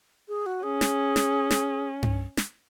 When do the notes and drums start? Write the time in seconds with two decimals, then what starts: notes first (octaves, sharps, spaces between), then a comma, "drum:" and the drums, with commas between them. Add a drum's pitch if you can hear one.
0.29 G#4
0.46 F#4
0.63 C#4 G#4
0.81 drum: snare
1.16 drum: snare
1.51 drum: snare
2.03 drum: tom G2
2.37 drum: snare